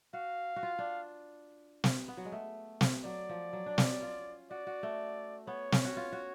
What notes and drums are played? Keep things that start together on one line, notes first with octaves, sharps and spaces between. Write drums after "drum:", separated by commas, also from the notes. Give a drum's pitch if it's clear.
F#4 F5
F#4
F4
D4
drum: snare
B3
F#3
G#3
A3
drum: snare
F#3 D5
F3
F#3
D4
C#4, drum: snare
F4
F#4 D5
F#4
A3
B3 C#5
C#4, drum: snare
F#4
F4
F#4